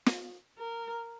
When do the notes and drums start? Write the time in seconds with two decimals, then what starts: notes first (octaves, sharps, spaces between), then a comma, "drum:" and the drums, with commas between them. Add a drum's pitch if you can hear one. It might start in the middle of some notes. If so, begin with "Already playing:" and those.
0.06 drum: snare
0.59 A#4